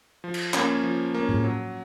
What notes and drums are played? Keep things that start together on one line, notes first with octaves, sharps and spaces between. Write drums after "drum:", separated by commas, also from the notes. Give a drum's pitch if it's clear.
F3
drum: cymbal
A#3 C#4, drum: clap
F3
A#3 C#4
drum: tom A2
F#3